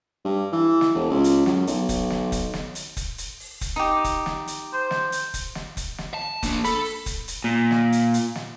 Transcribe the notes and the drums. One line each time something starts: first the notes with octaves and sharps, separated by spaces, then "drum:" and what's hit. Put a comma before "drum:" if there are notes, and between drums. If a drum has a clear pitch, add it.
G2
E3
drum: snare
E1
C#2
drum: hi-hat
F#2, drum: snare
B1, drum: hi-hat
drum: kick, hi-hat
drum: snare
drum: kick, hi-hat
drum: snare
drum: hi-hat
drum: kick, hi-hat
drum: hi-hat
drum: open hi-hat
drum: kick, hi-hat
D#4 G4
drum: kick, hi-hat
drum: snare
drum: hi-hat
C5
drum: snare
drum: hi-hat
drum: kick, hi-hat
drum: snare
drum: kick, hi-hat
drum: snare
A5
A#3 D4, drum: kick, hi-hat
A4 B5, drum: hi-hat
drum: open hi-hat
drum: kick, hi-hat
drum: hi-hat
A#2
drum: snare
drum: hi-hat
drum: hi-hat
drum: snare